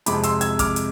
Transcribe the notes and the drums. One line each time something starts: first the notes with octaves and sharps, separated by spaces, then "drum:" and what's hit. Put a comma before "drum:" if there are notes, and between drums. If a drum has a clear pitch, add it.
F2 C3 G#3 B5 D6, drum: hi-hat
C6 E6, drum: hi-hat
E6 G#6, drum: hi-hat
D6 F6, drum: kick, hi-hat
drum: hi-hat